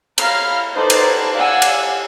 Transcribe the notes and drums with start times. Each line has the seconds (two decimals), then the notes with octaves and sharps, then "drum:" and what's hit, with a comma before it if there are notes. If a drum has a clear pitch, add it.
0.18 F5 A#5 B5 F6, drum: cymbal
0.74 D#4 A4 B4 C5 D5
0.90 drum: cymbal
1.36 D5 F5 F#5 G#5 E6
1.62 drum: cymbal